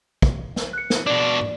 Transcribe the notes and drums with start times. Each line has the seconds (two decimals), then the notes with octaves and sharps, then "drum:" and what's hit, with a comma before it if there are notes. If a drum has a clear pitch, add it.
0.22 drum: kick
0.56 drum: snare
0.73 F#6 C#7
0.90 drum: snare
1.07 B2 D4 D5
1.41 drum: tom